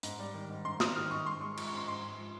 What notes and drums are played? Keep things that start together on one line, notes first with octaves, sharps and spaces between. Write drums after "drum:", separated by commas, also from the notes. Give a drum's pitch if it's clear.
G#2, drum: hi-hat
G3
D#3
G#2
G#2 C6
G3 D#6, drum: snare
D#3 F6
G#2 C#6
G#2 C6
G#3 C#6
F3, drum: cymbal
C#6
G#2 C6
G#2 C6
G#3
F3